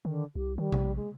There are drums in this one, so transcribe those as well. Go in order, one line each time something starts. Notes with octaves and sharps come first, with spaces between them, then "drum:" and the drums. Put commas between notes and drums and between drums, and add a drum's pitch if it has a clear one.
D3 D#3
C2 G4
D#3 G3
A#1, drum: tom C3
G#3